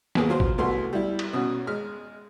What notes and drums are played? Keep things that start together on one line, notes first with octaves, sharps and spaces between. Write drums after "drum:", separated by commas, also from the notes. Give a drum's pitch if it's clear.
D#2 A#3 B3 G#4, drum: snare
F#3 F4 C5
drum: kick
C2 A3 B3 F#4 C6
G3 E4
drum: cymbal
B2 C#4 F#4
G#3 F6